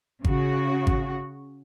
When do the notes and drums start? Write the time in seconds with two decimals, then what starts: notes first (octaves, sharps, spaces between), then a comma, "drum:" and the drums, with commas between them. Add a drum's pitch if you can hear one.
0.24 C#3 F#4, drum: kick G#1
0.87 drum: kick G#1